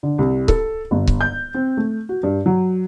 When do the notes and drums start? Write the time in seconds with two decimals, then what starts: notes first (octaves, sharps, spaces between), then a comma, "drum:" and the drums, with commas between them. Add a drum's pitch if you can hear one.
0.03 D3
0.18 C2
0.48 A4, drum: kick C#1
0.91 G1
1.07 drum: kick C#1
1.21 G6
1.54 C4
1.77 A3
2.09 F#4
2.23 G2
2.46 F#3